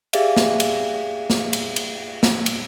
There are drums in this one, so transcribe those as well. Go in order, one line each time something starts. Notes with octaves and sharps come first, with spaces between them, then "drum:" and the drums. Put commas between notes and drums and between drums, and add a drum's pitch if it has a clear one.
G4 G#4 D5 E5 F5, drum: cymbal
drum: snare
drum: cymbal
drum: snare
drum: cymbal
drum: cymbal
drum: snare
drum: cymbal